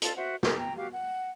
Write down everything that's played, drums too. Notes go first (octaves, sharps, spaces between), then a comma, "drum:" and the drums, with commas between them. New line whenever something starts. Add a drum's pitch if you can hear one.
F4 A4 A5, drum: hi-hat
F#4 C5 E5 F#5
D#4 G4 A4 A#4, drum: snare
G5 A#5
F#4 G4 F5
F#5